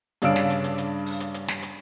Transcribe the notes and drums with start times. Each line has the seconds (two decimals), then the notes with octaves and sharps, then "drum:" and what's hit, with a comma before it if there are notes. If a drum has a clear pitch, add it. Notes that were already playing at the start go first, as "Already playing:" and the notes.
0.22 G2 C#3 D4 F5 E6 D7, drum: hi-hat
0.36 drum: snare
0.50 drum: hi-hat
0.64 drum: hi-hat
0.78 drum: hi-hat
1.06 drum: open hi-hat
1.20 drum: hi-hat
1.34 drum: hi-hat
1.48 drum: snare
1.62 drum: hi-hat